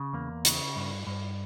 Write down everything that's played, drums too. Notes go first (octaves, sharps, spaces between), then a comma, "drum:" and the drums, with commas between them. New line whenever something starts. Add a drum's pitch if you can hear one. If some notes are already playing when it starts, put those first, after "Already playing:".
Already playing: C#3
E2 A#3
C#3, drum: hi-hat
G2
G2